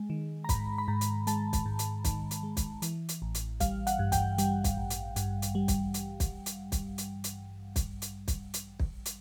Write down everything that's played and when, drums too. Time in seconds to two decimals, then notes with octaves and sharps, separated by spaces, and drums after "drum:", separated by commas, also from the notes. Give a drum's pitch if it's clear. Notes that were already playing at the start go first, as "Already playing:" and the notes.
Already playing: G#3
0.10 D#3
0.44 A#5
0.49 G#2 B5, drum: kick, hi-hat
0.78 B5
0.88 G#2 A#5
1.01 drum: hi-hat
1.27 G#3 A5, drum: hi-hat
1.53 drum: kick, hi-hat
1.66 G#2
1.79 drum: hi-hat
2.04 D#3, drum: kick, hi-hat
2.31 drum: hi-hat
2.43 G#3
2.57 drum: kick, hi-hat
2.82 E3, drum: hi-hat
3.09 drum: hi-hat
3.22 A1
3.35 drum: hi-hat
3.60 G3 F5, drum: kick, hi-hat
3.87 F#5, drum: hi-hat
3.99 G2
4.12 G5, drum: kick, hi-hat
4.38 G3, drum: hi-hat
4.64 drum: kick, hi-hat
4.77 A1
4.90 drum: hi-hat
5.16 G2, drum: hi-hat
5.42 drum: hi-hat
5.55 G3
5.68 drum: kick, hi-hat
5.94 drum: hi-hat
6.20 drum: kick, hi-hat
6.46 drum: hi-hat
6.72 drum: kick, hi-hat
6.98 drum: hi-hat
7.24 drum: hi-hat
7.76 drum: kick, hi-hat
8.02 drum: hi-hat
8.28 drum: kick, hi-hat
8.54 drum: hi-hat
8.80 drum: kick
9.05 drum: hi-hat